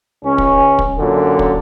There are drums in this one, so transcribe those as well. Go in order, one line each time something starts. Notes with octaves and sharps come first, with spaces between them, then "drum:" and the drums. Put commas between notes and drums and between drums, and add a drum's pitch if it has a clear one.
C#2 C#4
drum: kick
drum: kick
F#2 A#2 D3
drum: kick